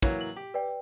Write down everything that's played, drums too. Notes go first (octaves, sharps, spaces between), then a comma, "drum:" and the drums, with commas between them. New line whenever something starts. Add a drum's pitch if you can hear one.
E3 F#3 A#3 C#5, drum: kick
F#7
G4
B4 D5 G5